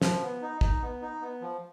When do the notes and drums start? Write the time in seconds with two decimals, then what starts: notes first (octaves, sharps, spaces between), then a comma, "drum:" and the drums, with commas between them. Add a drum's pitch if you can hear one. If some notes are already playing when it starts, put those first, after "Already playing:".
0.02 F3, drum: snare
0.22 B3
0.42 D#4
0.61 D#4, drum: kick
0.82 B3
1.02 D#4
1.21 B3
1.41 F3